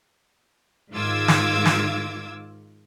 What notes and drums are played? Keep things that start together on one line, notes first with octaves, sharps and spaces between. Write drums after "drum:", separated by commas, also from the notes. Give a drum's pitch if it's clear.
G#2 D#3 F4 D6 E6 G#6
drum: snare
drum: snare